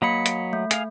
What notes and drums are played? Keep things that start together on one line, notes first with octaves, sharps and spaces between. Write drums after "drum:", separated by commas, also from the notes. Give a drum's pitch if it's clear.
F#3 A#3 D#5 B5 B6 C#7
drum: hi-hat
A3
G#4 F5, drum: hi-hat